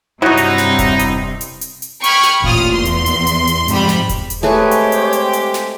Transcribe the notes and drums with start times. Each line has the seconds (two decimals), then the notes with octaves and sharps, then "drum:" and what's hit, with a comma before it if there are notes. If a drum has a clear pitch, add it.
0.22 G2 C3 F#3 D#4 E4 F#4
0.37 drum: hi-hat
0.58 drum: snare
0.79 drum: kick E1, hi-hat
0.99 drum: hi-hat
1.41 drum: hi-hat
1.61 drum: hi-hat
1.82 drum: hi-hat
2.04 G5 B5 C#6 D#6 F6 G#6, drum: hi-hat
2.23 drum: snare
2.44 A1 A#2 F4 D#6 F6, drum: kick E1
2.73 E2 C6
2.85 drum: hi-hat
3.06 drum: hi-hat
3.27 drum: hi-hat
3.47 drum: hi-hat
3.68 F2 G#2 C3 G3 B5, drum: hi-hat
3.89 drum: snare
4.09 drum: kick E1, hi-hat
4.30 drum: hi-hat
4.43 G#3 A3 C4 G4 G#4 B4 C#5
4.71 drum: hi-hat
4.92 drum: hi-hat
5.13 drum: hi-hat
5.33 drum: hi-hat
5.54 drum: snare